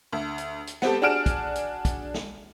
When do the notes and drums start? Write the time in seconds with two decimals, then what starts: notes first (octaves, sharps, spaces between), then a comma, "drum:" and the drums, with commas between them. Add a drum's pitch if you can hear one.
0.13 D2
0.38 drum: hi-hat
0.67 drum: hi-hat
0.82 B3 C4 G4 A4, drum: snare
1.02 D4 F#4 G#4 F6 D7 E7
1.26 drum: kick, hi-hat
1.55 drum: hi-hat
1.85 drum: kick, hi-hat
2.14 drum: snare